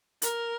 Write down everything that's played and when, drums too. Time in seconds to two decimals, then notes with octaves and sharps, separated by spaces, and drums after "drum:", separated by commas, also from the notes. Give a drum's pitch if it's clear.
0.22 A#4, drum: hi-hat